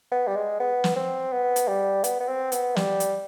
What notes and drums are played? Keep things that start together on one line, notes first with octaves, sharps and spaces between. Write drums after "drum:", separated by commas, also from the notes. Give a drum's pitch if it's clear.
B3
G3
G#3
B3
drum: snare
C4
B3
drum: hi-hat
G3
B3, drum: hi-hat
B3
C4
B3, drum: hi-hat
G3, drum: snare
drum: hi-hat